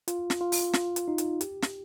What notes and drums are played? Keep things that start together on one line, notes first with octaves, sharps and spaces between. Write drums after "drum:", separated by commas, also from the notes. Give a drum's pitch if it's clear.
F4, drum: hi-hat
drum: snare
F4
drum: open hi-hat
F4, drum: snare
drum: hi-hat
D#4
drum: hi-hat
G4, drum: hi-hat
drum: snare